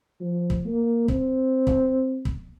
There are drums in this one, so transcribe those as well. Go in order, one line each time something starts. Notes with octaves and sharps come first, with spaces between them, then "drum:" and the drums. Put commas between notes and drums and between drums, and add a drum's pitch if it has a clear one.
F3
drum: kick
A#3
C4, drum: kick
drum: kick
drum: kick